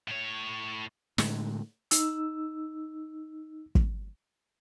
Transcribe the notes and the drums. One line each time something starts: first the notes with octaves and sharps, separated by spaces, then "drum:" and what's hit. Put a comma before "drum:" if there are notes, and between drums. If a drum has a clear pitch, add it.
A2 C#5
A2 D3 G#3, drum: snare
D#4 E6, drum: hi-hat
drum: kick